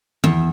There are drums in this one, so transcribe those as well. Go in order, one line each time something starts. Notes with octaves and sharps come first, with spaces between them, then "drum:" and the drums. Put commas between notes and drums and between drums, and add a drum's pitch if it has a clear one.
E2, drum: tom